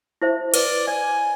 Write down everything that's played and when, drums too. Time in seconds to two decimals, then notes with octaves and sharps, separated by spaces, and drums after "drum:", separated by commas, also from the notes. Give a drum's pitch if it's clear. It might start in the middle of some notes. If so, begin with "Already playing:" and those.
0.22 E4 C5 E5
0.54 B4 D5, drum: cymbal
0.88 D5 G#5